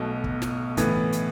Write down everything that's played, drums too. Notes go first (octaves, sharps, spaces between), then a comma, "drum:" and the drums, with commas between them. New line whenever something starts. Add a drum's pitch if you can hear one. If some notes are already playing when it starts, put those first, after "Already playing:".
Already playing: B1 B2 A3
drum: kick
drum: snare
A2 E3 B3, drum: kick, hi-hat
drum: hi-hat